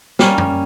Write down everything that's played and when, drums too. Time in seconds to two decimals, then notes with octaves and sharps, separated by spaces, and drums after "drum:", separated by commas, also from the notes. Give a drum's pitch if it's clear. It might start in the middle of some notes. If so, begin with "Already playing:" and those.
0.19 G3 A#3 C#4, drum: snare
0.38 drum: tom F#2